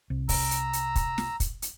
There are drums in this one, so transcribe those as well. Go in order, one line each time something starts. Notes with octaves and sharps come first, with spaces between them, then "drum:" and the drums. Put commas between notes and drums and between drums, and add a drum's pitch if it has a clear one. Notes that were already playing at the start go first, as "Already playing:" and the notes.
C2
A#5 E6, drum: kick, open hi-hat
drum: hi-hat
drum: hi-hat
drum: kick, hi-hat
drum: snare
drum: kick, hi-hat
drum: hi-hat